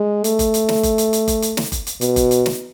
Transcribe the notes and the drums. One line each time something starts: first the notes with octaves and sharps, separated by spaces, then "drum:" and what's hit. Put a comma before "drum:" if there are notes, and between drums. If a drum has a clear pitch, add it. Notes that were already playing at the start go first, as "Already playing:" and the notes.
Already playing: G#3
A3, drum: hi-hat
drum: kick F#1, hi-hat
drum: hi-hat
drum: snare
drum: kick F#1, hi-hat
drum: hi-hat
drum: hi-hat
drum: kick F#1, hi-hat
drum: hi-hat
drum: snare
drum: kick F#1, hi-hat
drum: hi-hat
B2, drum: hi-hat
drum: kick F#1, hi-hat
drum: hi-hat
drum: snare